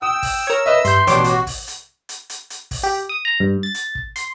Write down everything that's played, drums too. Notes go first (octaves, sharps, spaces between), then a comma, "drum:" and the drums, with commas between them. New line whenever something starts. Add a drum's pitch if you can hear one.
G5 D#6 E6
drum: kick, open hi-hat
A#4 C#5
B4 D#5 E5
G2 C6 G6, drum: hi-hat
A1 B2 D4 C#5 G5 D6, drum: hi-hat
F#4, drum: hi-hat
drum: kick, open hi-hat
drum: hi-hat
drum: hi-hat
drum: hi-hat
drum: hi-hat
drum: kick, open hi-hat
G4
D#6
A#5
G2
A6
drum: hi-hat
drum: kick
C6, drum: hi-hat